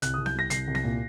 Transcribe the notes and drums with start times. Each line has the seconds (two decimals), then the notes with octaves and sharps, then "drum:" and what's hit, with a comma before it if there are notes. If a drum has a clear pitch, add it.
0.02 C2 F#6, drum: hi-hat
0.14 D#6
0.18 C2
0.26 G6, drum: snare B3
0.35 G3 A#6
0.50 C2 C7, drum: hi-hat
0.68 C2
0.75 A#6, drum: snare B3
0.84 A#2